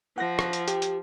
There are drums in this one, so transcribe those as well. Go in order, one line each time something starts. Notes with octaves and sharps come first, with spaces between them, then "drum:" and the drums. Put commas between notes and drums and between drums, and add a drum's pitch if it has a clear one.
F3 F#5 A#6
drum: rim click
drum: hi-hat
G4, drum: hi-hat
drum: hi-hat